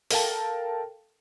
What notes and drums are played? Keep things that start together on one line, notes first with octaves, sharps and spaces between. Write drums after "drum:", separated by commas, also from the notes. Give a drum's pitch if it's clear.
A4 A#4 F5 G5 A5, drum: open hi-hat